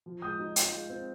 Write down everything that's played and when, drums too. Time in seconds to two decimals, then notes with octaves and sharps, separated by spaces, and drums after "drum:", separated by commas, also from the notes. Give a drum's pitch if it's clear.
0.06 F3
0.22 G#3 D#6 G6
0.39 D#4
0.56 F4, drum: hi-hat
0.73 G#3
0.90 C4